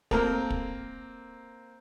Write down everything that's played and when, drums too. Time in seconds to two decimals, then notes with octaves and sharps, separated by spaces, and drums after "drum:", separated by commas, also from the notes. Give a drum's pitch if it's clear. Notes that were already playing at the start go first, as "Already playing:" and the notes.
0.11 A#3 C4 A4 A#4, drum: kick
0.50 drum: kick